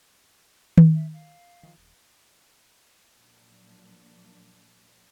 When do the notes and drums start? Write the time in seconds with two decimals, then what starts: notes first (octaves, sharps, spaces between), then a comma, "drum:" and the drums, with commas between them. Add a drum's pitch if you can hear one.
0.78 drum: tom D#3
0.94 E5
1.13 F5
1.63 D#3 F3
1.77 D#1
3.15 A#2 F3 F#3 D4